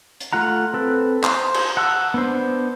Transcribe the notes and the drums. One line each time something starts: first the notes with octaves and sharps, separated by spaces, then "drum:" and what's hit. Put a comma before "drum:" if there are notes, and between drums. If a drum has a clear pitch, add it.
drum: hi-hat
A3 F4 F#5 A#5
C4 A4 B4
C5 A5 C6, drum: clap
drum: cymbal
F#5 A5 E6
B3 D4 C5